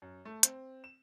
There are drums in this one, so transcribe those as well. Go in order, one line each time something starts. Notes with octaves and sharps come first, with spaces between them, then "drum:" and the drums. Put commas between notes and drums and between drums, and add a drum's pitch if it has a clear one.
F#2
A3
C4, drum: hi-hat
E7